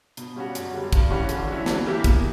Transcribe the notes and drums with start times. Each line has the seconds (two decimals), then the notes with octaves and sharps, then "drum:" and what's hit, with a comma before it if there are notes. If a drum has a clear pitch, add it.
0.17 B2, drum: hi-hat
0.36 G3 C#4 F#4
0.55 F#2, drum: hi-hat
0.74 D3 G3
0.93 G2, drum: kick, hi-hat
1.11 E3 G3 C#4 F#4
1.29 D3, drum: hi-hat
1.48 F#3 C#4 E4
1.66 E3, drum: snare
1.86 A#3 E4 G4 A#4
2.04 B2, drum: kick, hi-hat